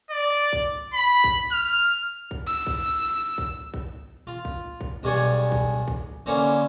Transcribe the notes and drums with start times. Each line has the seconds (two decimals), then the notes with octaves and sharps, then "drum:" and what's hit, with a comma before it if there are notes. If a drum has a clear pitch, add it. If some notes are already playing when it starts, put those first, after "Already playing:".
0.11 D5
0.53 drum: kick
0.93 B5
1.24 drum: kick
1.52 F6
2.31 drum: kick
2.48 E6
2.67 drum: kick
3.38 drum: kick
3.74 drum: kick
4.27 F4
4.45 drum: kick
4.81 drum: kick
5.03 B1 G2 G3 G#4 G#5 C#6
5.52 drum: kick
5.88 drum: kick
6.26 D3 A#3 C#4 E4 C5 C#6